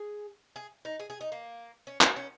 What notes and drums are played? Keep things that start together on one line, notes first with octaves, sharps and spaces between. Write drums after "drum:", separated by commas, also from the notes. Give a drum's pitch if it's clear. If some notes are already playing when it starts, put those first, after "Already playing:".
Already playing: G#4
G#4
D#4
G#4
G#4
D#4
A#3
C#4
F#4, drum: clap
C#4